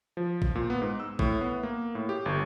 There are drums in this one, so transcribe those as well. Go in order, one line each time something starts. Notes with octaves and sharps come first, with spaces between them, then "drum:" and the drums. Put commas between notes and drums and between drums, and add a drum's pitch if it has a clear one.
F3
drum: kick A1
A#2
B3
G#2
E6
A2, drum: kick A1
B3
A#3
A2
G4
G1